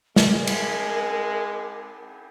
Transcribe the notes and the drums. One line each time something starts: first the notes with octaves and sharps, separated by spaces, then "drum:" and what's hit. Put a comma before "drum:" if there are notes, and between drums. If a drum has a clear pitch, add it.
G#3 A#4, drum: snare
drum: cymbal